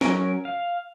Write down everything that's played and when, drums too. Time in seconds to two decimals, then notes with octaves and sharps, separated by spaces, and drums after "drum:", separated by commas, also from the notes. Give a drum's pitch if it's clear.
0.01 F#3 C#4 A#4, drum: snare
0.45 F5